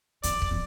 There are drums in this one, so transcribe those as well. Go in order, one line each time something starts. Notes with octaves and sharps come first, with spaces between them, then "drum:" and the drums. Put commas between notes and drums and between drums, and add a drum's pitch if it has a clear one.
D3 D5, drum: hi-hat
drum: kick C#1
E3